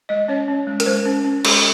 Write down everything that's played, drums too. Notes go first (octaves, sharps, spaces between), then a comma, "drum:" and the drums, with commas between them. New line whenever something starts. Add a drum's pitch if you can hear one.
G#3 D#5
C#4 C#5
C#4
G#3
A#4, drum: hi-hat
G#3 C5
C#4
C#4
G#3, drum: cymbal